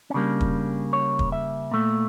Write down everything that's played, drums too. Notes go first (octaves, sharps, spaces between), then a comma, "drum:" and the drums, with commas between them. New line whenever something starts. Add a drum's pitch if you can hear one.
C#4
C#3 G3 A#3 D4
drum: kick
C#5
drum: kick
E5
A#2 A3